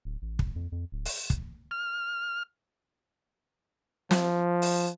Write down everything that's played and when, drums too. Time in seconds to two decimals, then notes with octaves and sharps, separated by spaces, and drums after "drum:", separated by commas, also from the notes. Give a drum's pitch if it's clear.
0.05 D1
0.22 A1
0.39 E1, drum: kick
0.56 F2
0.72 F2
0.92 D1
1.05 drum: open hi-hat
1.30 drum: kick
1.71 F6
4.11 F3, drum: snare
4.62 drum: open hi-hat